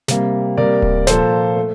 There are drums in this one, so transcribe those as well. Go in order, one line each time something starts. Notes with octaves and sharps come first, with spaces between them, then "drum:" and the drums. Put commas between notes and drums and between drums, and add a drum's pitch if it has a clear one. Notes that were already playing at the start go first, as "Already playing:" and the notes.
C3 G3 A#3, drum: snare
C3 G3 A#3 A#4 D5
drum: kick D1
A#2 F3 A#3 A4 C5, drum: snare
A3